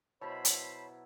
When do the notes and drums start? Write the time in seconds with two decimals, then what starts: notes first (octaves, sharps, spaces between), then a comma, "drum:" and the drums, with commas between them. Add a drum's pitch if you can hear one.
0.21 B2 F#3 E4 C5 C#5 A5 B5
0.45 drum: hi-hat